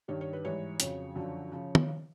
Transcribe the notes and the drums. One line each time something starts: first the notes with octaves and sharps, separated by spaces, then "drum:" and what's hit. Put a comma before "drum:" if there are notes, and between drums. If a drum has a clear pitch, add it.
G2 D#3 G3 C#5
C#5
B4
G#2 E3 G3 C#5
F2 C#3 F#3 C#5, drum: hi-hat
F#2 D3 F3
C#3 F3
drum: tom